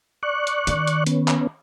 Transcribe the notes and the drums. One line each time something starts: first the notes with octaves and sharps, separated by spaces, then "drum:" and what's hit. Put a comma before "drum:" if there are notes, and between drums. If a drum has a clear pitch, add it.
D5 C#6 F#6
drum: hi-hat
D#3, drum: hi-hat
drum: hi-hat
B3 C#4, drum: hi-hat
drum: clap